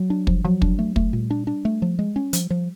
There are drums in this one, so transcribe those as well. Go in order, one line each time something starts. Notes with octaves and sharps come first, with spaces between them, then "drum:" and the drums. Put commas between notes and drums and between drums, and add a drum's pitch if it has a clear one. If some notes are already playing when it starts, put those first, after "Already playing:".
Already playing: F#3
D4
F3, drum: kick
F3 F#3
D4, drum: kick
A3
A3, drum: kick
A#2 G3
D4
D4
A3
F3
G#3
C#4
F3, drum: hi-hat
F3